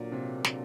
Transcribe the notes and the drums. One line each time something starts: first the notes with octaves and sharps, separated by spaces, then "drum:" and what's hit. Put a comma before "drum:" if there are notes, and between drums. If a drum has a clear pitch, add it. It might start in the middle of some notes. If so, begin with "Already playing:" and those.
Already playing: A#2 D3 F#3 A#3 D4
C3
drum: snare